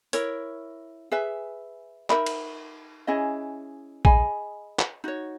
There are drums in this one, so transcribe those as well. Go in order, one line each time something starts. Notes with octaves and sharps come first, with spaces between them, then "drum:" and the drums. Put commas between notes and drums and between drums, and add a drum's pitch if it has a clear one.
E4 A#4 C#5, drum: hi-hat
G#4 B4 E5
D#4 A#4 E5 B5, drum: clap
drum: cymbal
C#4 E4 G#4 D#5
G#4 D#5 G#5 B5, drum: kick
drum: clap
D#4 F#4 C#5